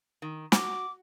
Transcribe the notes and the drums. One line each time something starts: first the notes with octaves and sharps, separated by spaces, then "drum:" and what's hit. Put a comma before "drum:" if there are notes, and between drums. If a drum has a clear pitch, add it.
D#3
F#4 D6, drum: snare